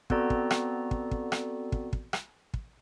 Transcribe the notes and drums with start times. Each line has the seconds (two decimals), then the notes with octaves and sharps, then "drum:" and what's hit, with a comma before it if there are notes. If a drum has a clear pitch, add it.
0.10 B3 C4 F#4 A4 D5 A#5, drum: kick
0.30 drum: kick
0.50 drum: rim click
0.91 drum: kick
1.11 drum: kick
1.32 drum: rim click
1.72 drum: kick
1.93 drum: kick
2.13 drum: rim click
2.54 drum: kick